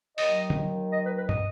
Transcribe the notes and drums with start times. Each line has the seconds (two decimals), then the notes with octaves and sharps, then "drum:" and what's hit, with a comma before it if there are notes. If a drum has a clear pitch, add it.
0.18 D#2 D#3 F#3 D#5, drum: open hi-hat
0.50 drum: tom D3
0.93 D#5
1.05 B4
1.18 B4
1.29 D#5, drum: tom